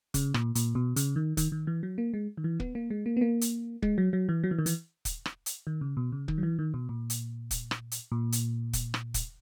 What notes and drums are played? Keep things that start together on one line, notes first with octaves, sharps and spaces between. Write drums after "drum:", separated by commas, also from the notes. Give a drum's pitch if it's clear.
C#3, drum: kick, hi-hat
A#2, drum: rim click
A#2, drum: hi-hat
B2
C#3, drum: hi-hat
D#3
D#3, drum: kick, hi-hat
D#3
E3
F#3
A#3
G#3
D#3
E3
B3, drum: kick
A#3
G#3
A#3
B3
A#3
drum: hi-hat
G#3, drum: kick
F#3
F#3
E3
F#3
E3
D#3
E3, drum: hi-hat
drum: kick, hi-hat
drum: rim click
drum: hi-hat
D#3
C#3
B2
C#3
D#3, drum: kick
F#3
E3
D#3
B2
A#2
drum: hi-hat
drum: kick, hi-hat
drum: rim click
drum: hi-hat
A#2
drum: hi-hat
drum: kick, hi-hat
drum: rim click
drum: kick, hi-hat